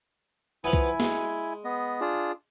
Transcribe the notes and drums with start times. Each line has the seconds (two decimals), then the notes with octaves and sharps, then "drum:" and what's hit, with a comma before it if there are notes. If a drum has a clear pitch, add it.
0.64 F3 B3 E4 G#5
0.73 drum: kick
1.00 G#3, drum: snare
1.64 B3 D#5
2.01 D4 F4 G#4